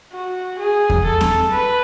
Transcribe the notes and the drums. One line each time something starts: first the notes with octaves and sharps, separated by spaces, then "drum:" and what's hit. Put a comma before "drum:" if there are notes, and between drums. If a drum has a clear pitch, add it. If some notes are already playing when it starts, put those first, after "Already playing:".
F#4
G#4
drum: kick E2
A4
drum: snare C4
B4